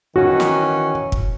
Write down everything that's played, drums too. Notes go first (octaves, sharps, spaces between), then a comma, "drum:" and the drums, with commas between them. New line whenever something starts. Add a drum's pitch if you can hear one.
D#3 E3 C#4 F#4
drum: snare
drum: kick